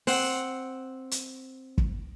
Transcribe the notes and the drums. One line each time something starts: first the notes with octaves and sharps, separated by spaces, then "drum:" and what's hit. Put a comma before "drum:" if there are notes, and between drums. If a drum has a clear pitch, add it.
C4 F#5, drum: open hi-hat
drum: hi-hat
drum: kick